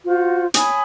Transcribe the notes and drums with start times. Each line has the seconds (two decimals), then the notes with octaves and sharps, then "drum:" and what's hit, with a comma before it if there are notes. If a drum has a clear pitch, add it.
0.04 F4 F#4 C5
0.54 C#5 G#5 B5 D#6, drum: hi-hat